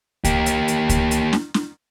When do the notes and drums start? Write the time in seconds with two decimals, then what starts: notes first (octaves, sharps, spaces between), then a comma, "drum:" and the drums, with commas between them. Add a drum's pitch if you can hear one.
0.24 A#3 G4, drum: kick C#2, hi-hat
0.46 drum: hi-hat
0.68 drum: hi-hat
0.89 drum: kick C#2, hi-hat
1.11 drum: hi-hat
1.33 drum: snare
1.54 drum: snare